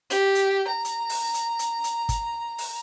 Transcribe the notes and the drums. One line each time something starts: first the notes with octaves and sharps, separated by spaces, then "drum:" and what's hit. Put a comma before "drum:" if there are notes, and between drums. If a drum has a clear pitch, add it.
G4, drum: hi-hat
drum: hi-hat
A#5
drum: hi-hat
drum: open hi-hat
drum: hi-hat
drum: hi-hat
drum: hi-hat
drum: kick, hi-hat
drum: open hi-hat